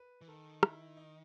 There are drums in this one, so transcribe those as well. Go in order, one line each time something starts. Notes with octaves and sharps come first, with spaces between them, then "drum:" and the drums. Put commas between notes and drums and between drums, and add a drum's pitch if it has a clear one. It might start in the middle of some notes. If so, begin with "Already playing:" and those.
Already playing: B4
E3
D#3 A4
E4, drum: rim click
D#4